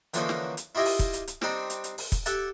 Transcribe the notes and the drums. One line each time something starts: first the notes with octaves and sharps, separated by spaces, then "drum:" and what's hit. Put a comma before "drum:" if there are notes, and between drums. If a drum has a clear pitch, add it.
D3 E3 F3 A#3 C#4 D#4, drum: hi-hat
drum: snare
drum: hi-hat
E4 F4 G4 D#5 E5 G#5
drum: open hi-hat
drum: kick, hi-hat
drum: hi-hat
drum: hi-hat
G3 C4 D4 D#4, drum: snare
drum: hi-hat
drum: hi-hat
drum: open hi-hat
drum: kick, hi-hat
G4 A4 E5 F#5 A5, drum: hi-hat